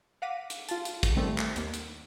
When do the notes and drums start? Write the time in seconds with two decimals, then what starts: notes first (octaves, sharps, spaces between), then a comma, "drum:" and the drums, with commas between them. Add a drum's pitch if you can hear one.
0.22 F5 F#5 D6 A#6 B6 D#7
0.50 drum: hi-hat
0.69 F4 A5, drum: hi-hat
0.85 drum: hi-hat
1.03 drum: kick, hi-hat
1.16 D#3 G3 A3 C4
1.38 drum: clap
1.56 D#2 A#3, drum: hi-hat
1.74 drum: hi-hat